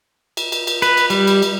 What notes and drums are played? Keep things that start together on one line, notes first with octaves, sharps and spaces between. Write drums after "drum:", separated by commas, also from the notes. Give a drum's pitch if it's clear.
drum: cymbal
drum: cymbal
drum: cymbal
B4, drum: cymbal
drum: cymbal
G3, drum: cymbal
drum: cymbal
drum: cymbal